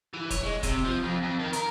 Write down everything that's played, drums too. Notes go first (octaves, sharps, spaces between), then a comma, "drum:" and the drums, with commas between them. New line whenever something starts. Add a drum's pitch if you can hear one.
E3
C#5, drum: kick E1, hi-hat
G#3
C3, drum: kick E1, hi-hat
F3
F2
F2
D#3
A#4, drum: hi-hat